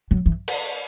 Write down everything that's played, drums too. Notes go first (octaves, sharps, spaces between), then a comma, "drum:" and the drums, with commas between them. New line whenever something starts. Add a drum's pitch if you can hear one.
F#3
E3
drum: cymbal